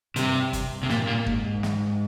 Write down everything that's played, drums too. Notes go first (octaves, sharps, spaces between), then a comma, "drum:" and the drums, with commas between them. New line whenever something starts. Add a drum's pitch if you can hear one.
G2 C3, drum: hi-hat
G2, drum: kick, hi-hat
C3
A#2, drum: snare
A#2
G#2, drum: kick
drum: snare